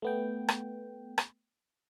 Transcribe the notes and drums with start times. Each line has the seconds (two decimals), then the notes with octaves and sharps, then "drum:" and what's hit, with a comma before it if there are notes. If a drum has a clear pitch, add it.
0.02 A3 B3 G5
0.48 drum: rim click
1.18 drum: rim click